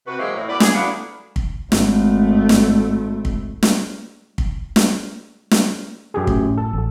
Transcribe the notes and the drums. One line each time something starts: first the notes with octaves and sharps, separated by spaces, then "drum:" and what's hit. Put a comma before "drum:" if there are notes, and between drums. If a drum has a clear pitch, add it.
C3 F#4 B4
E3 F#3 G#3 A#3 C4 E4
A2
F#2 B3 B4 D5
G#4, drum: snare
E3 F#3 A3 B3 D4 F4
drum: kick
G#1 A3, drum: snare
drum: snare
drum: kick
drum: snare
drum: kick
drum: snare
drum: snare
F#2 G4 G#4
A2, drum: kick
A4
A1